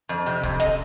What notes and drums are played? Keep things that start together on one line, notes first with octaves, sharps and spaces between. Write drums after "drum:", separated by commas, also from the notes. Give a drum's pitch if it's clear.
F2
C3
F2, drum: kick, hi-hat
D#5, drum: snare